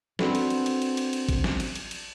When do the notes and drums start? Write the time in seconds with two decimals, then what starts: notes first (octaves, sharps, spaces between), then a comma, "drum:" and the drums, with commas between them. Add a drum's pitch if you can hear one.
0.19 C4 D4 F#4 A4 B4, drum: snare
0.35 drum: cymbal
0.50 drum: cymbal
0.66 drum: cymbal
0.82 drum: cymbal
0.97 drum: cymbal
1.13 drum: cymbal
1.29 drum: kick A1, cymbal
1.44 drum: snare
1.60 drum: cymbal
1.75 drum: cymbal
1.91 drum: cymbal